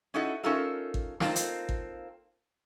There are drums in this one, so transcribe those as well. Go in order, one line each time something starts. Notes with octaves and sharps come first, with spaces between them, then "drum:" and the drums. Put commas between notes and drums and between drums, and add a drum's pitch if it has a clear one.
C#4 D#4 E4 F#4 A4 D#5
C#4 D#4 F4 A4 A#4 E5
drum: kick
A#3 C4 D#4 F4 F#4 A4, drum: snare
drum: hi-hat
drum: kick